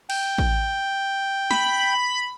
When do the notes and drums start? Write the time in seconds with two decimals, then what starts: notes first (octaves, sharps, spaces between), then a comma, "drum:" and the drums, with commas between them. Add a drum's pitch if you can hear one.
0.10 G5, drum: cymbal
0.38 drum: kick
1.51 B5, drum: snare